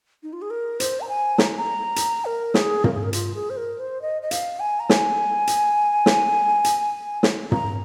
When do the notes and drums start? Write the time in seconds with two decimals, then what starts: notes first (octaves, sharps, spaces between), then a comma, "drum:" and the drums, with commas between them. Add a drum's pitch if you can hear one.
0.23 D#4
0.33 F4
0.42 G#4
0.50 A#4
0.80 C5, drum: hi-hat
1.01 A#5
1.09 G#5
1.38 A#5, drum: snare
1.57 A#5
1.96 drum: hi-hat
2.25 A#4
2.54 G#4, drum: snare
2.84 A#4, drum: tom
2.94 G#4
3.03 A#4
3.13 F4, drum: hi-hat
3.35 G#4
3.50 C5
3.57 A#4
3.80 C5
4.02 D#5
4.22 D#5
4.31 F5, drum: hi-hat
4.60 G#5
4.80 A#5
4.89 G#5, drum: snare
5.47 drum: hi-hat
6.06 drum: snare
6.64 drum: hi-hat
7.23 drum: snare
7.52 A#5, drum: tom